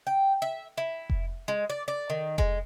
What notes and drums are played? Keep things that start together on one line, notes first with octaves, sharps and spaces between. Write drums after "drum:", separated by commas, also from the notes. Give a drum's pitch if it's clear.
G5
E5
E4
drum: kick F1
G#3
D5
D5
D#3
G#3, drum: kick F1